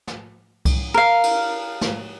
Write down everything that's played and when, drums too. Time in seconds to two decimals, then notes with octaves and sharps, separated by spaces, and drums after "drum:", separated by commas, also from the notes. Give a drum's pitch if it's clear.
0.07 drum: snare
0.65 drum: kick C2, cymbal
0.94 A#4 F5
1.23 drum: cymbal
1.81 drum: snare